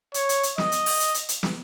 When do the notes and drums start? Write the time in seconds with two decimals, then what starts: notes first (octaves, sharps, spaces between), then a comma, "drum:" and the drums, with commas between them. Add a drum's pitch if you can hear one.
0.14 C#5, drum: hi-hat
0.29 drum: hi-hat
0.43 drum: hi-hat
0.58 D#5, drum: snare
0.72 drum: hi-hat
0.86 drum: open hi-hat
1.00 drum: hi-hat
1.14 drum: hi-hat
1.29 drum: hi-hat
1.43 drum: snare